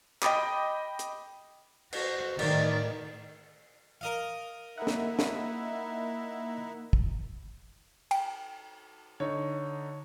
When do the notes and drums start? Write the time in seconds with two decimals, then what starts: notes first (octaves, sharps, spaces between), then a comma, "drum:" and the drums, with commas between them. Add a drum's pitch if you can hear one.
0.23 D#5 G5 B5 D6 D#6, drum: clap
0.99 drum: hi-hat
1.93 F#4 C5, drum: cymbal
2.39 A2 D#3 D5, drum: cymbal
4.01 A#4 D#5 F5
4.78 A#3 D#4 E4 E5 F#5
4.87 drum: snare
5.19 drum: snare
6.93 drum: kick
8.11 G5, drum: cymbal
9.20 D3 D#4 C#5